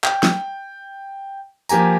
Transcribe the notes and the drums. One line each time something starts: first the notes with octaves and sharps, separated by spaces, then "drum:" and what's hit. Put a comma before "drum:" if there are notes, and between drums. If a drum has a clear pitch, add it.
G5, drum: clap
drum: snare
F3 A#3 G4 G#5 A#5, drum: tambourine